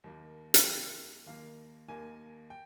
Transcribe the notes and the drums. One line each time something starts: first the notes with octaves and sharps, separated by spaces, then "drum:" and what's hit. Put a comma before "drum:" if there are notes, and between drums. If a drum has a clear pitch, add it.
D#2 D#3 A#3
drum: hi-hat
D#2 D#3 A#3 G5
D#2 D#3 A#3 F5
D#2 D#3 A#3 G#5
G5